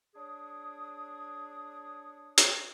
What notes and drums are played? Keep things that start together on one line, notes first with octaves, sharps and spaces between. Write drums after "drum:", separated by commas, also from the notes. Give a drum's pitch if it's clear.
D4 G#4 C#5 D#6
drum: hi-hat